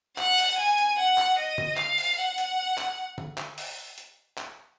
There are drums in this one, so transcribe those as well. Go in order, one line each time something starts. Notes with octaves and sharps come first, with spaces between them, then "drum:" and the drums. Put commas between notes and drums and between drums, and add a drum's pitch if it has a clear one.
F#5, drum: clap
drum: open hi-hat
G#5
drum: hi-hat
F#5
drum: clap
D#5
drum: tom
F5, drum: clap
drum: open hi-hat
F#5
drum: hi-hat
drum: clap
drum: tom
drum: clap
drum: open hi-hat
drum: hi-hat
drum: clap